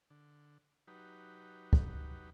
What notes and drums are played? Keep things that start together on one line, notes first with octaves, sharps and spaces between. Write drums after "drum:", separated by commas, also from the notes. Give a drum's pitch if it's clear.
D3
F#3 D#4 G4 B4
drum: kick